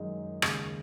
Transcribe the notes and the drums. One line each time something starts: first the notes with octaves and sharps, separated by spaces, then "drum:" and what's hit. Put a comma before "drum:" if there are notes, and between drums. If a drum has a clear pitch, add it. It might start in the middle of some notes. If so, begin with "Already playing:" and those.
Already playing: F#2 D#3 G#3 D#4
D#2 C#3 G#3, drum: rim click